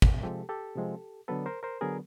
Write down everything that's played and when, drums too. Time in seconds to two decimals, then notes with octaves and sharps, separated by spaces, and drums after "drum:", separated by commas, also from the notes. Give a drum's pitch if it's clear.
0.02 drum: kick
0.23 C3 F3 G#3 C4 G4 A4
0.49 G4 A4
0.75 C3 F3 G#3 C4
1.28 D3 F#3 B3 A4 B4
1.46 A#4 C5
1.63 A#4 C5
1.81 D3 F#3 B3 G#4 A#4